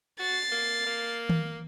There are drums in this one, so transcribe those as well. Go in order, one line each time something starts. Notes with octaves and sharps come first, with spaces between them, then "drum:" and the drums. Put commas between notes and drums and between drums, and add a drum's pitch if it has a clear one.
F#4 A6 C7
A#3
A#3
drum: tom D#3